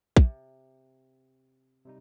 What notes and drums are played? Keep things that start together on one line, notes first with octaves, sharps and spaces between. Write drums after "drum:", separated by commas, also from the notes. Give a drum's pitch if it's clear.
C3, drum: kick
C3 G3 D#4